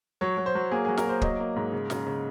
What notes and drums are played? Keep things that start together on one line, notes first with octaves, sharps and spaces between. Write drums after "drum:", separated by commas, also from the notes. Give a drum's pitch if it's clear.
F#3 C#5
F#3
C5
F#3
A#3 G#4
F#3 G#4
A#4, drum: snare
A#3 C5
F#3 D#5, drum: kick
A#3
G#2
C#3
C#3, drum: snare
C#3